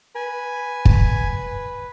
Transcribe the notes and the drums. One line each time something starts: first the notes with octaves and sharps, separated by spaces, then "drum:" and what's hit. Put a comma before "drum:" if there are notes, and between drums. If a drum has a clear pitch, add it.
B4 G#5
drum: kick